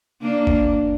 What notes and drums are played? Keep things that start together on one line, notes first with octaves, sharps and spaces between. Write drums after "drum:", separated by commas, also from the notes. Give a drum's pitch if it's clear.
A#3 D4
drum: kick F#1